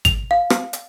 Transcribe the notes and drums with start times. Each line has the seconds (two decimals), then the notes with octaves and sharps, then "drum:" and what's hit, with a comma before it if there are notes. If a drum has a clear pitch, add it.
0.05 F7, drum: kick G#1, hi-hat
0.31 F5
0.50 drum: rim click
0.73 drum: hi-hat